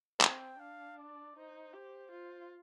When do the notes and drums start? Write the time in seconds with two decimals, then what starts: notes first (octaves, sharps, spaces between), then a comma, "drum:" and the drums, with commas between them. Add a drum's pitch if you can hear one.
0.21 C4 G5, drum: clap
0.59 D4 F5
0.98 D5
1.36 D#4 C5
1.73 G4 C5
2.12 F4